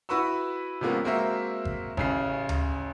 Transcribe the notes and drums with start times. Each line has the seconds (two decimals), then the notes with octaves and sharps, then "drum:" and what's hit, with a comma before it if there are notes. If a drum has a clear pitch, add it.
0.09 E4 F#4 B4 B5 C#6 E6
0.81 C3 F3 G#3 A#3 B3 C#4
1.04 G#3 A#3 C4 F#4 A#4 E5
1.65 drum: kick G#1
1.97 A1 C#3 C7, drum: kick G#1
2.49 drum: tom D2